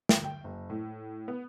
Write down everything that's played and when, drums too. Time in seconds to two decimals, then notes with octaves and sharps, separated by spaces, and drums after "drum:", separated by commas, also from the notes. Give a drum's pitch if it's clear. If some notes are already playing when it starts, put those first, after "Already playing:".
0.09 G5, drum: snare
0.24 G5
0.44 F#1
0.70 A2
1.28 B3